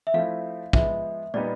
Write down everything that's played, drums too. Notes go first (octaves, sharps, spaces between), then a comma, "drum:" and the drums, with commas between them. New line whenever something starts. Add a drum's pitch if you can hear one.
E5
F3 A3 C4 E4 F5
F3 G#3 B3 E5, drum: kick
A#2 G3 B3 D#4 D5